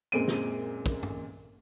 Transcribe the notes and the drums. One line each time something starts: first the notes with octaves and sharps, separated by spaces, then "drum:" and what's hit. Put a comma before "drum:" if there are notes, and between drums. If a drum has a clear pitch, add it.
F#2 A#2 G#3 C4 D7 D#7
drum: snare
drum: kick
drum: tom